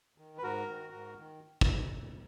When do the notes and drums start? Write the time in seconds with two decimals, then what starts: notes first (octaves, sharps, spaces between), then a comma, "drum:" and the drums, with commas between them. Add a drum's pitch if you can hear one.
0.18 D#3
0.38 B4
0.43 G#2 F#4 A#4
0.69 D#3
0.94 G#2
1.19 D#3
1.61 drum: kick